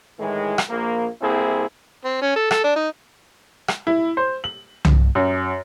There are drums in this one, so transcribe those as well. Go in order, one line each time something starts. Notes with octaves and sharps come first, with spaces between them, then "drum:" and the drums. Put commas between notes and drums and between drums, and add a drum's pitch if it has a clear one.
A2 D#3 E3 G#3
drum: rim click
A#1 A#3
C2 A#3 C4 E4 G#4
C4
C#4
A4
A4, drum: rim click
D4
D#4
drum: rim click
E4
C5
F#7
drum: tom C2
F#2